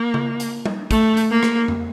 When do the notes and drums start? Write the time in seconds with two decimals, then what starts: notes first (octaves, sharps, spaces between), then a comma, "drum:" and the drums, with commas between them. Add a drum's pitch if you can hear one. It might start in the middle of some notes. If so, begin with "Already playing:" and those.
Already playing: A#3
0.14 drum: tom C#3
0.40 drum: hi-hat
0.66 drum: tom G3
0.91 A3, drum: kick, hi-hat
1.17 drum: hi-hat
1.30 A#3
1.43 drum: rim click
1.68 drum: tom F2